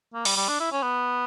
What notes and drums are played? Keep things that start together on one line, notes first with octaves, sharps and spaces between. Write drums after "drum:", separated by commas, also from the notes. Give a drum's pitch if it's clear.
A#3
G3, drum: open hi-hat
G3
D4
E4
C#4
B3